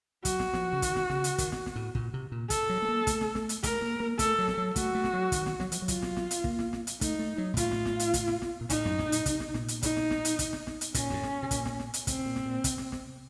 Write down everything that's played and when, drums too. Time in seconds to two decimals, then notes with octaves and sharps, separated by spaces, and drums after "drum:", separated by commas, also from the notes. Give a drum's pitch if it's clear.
0.25 F#3 F#4, drum: kick, hi-hat
0.40 drum: snare
0.53 F3, drum: snare
0.73 C#3
0.82 D#3, drum: kick, hi-hat
0.96 drum: snare
1.10 C#3, drum: snare
1.24 drum: hi-hat
1.38 D#3, drum: kick, hi-hat
1.52 drum: snare
1.66 drum: snare
1.76 A2
1.95 A#2, drum: kick
2.14 C3
2.32 A#2
2.50 A4, drum: kick, hi-hat
2.70 F#3
2.82 A3
2.89 A#3
3.07 A3, drum: kick, hi-hat
3.21 drum: snare
3.35 A3, drum: snare
3.49 drum: hi-hat
3.63 A3 A#4, drum: kick, hi-hat
3.82 A#3
4.00 A#3
4.19 A3 A4, drum: kick, hi-hat
4.39 F#3
4.48 drum: snare
4.58 F#3
4.76 A3 F#4, drum: kick, hi-hat
4.95 A3
5.04 drum: snare
5.13 F#3
5.32 D#3, drum: kick, hi-hat
5.46 drum: snare
5.60 F#3, drum: snare
5.72 F3, drum: hi-hat
5.82 F#3
5.88 F4, drum: kick, hi-hat
6.02 drum: snare
6.17 drum: snare
6.31 drum: hi-hat
6.44 A#3, drum: kick
6.59 drum: snare
6.73 drum: snare
6.87 drum: hi-hat
7.01 A3 D#4, drum: kick, hi-hat
7.19 A3
7.38 F#3
7.54 A#2
7.57 A2 F4, drum: kick, hi-hat
7.71 drum: snare
7.85 drum: snare
8.00 drum: hi-hat
8.14 drum: kick, hi-hat
8.28 drum: snare
8.42 drum: snare
8.61 A#2
8.70 A2 D#4, drum: kick, hi-hat
8.85 F#2, drum: snare
8.99 A2, drum: snare
9.12 A#2, drum: hi-hat
9.26 C3, drum: kick, hi-hat
9.40 drum: snare
9.54 A#2, drum: snare
9.68 drum: hi-hat
9.83 D#4, drum: kick, hi-hat
9.97 drum: snare
10.11 drum: snare
10.25 drum: hi-hat
10.39 drum: kick, hi-hat
10.53 drum: snare
10.67 drum: snare
10.81 drum: hi-hat
10.94 A#2 C#4, drum: kick, hi-hat
11.10 F#2, drum: snare
11.14 A2
11.23 drum: snare
11.43 C3
11.51 A#2, drum: kick, hi-hat
11.65 drum: snare
11.79 drum: snare
11.94 drum: hi-hat
12.07 A2 C4, drum: kick, hi-hat
12.19 C3
12.26 A#2
12.36 drum: snare
12.46 A#2
12.64 C3, drum: kick, hi-hat
12.78 drum: snare
12.92 drum: snare